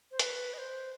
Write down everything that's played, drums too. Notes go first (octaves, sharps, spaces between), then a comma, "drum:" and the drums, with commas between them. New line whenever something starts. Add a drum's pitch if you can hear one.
C5
B4, drum: hi-hat
D#5
C5